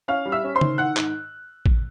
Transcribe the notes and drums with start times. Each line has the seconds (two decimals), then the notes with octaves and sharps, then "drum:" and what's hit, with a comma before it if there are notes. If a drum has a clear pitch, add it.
0.08 C#4 F5 F6
0.25 G3
0.32 E5 E6
0.44 C#4
0.55 C5 C6
0.61 D#3, drum: tom C#3
0.78 D#3 F#5 F#6
0.96 G#2, drum: clap
1.66 drum: kick